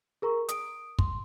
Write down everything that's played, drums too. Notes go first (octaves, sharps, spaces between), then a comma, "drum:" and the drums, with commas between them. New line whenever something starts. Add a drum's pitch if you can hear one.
G#4 A#4 A#5 C#6
D#6 D7, drum: hi-hat
C6, drum: kick